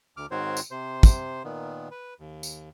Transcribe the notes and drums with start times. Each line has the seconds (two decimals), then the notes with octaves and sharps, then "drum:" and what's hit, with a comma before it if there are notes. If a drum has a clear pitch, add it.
0.17 D2 D6 F6
0.31 G#2 D#3 C4 F#4 C5 C#5
0.57 drum: tambourine
0.71 C3 C5
1.03 drum: kick, tambourine
1.44 A#2 D#3 B3
1.91 B4
2.20 D#2
2.43 drum: tambourine